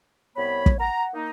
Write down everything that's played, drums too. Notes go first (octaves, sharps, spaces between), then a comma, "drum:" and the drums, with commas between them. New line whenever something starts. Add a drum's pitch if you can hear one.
C2 B3 C#5 B5
drum: kick
F#5 A#5
A#3 D#4